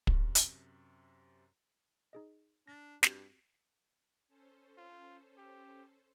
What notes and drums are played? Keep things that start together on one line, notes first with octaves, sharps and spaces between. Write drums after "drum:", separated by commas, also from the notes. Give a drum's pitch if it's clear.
F#2 C3 C#6, drum: kick
drum: hi-hat
D#4 G#4 D#5
D4 A6 A#6
G2 C4 F#4 G4, drum: snare
C#4 A4 C5
F4
G4